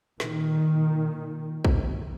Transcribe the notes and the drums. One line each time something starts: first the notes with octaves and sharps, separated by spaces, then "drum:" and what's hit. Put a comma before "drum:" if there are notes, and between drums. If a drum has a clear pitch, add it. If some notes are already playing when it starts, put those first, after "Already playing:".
A#2 D#3, drum: snare
drum: kick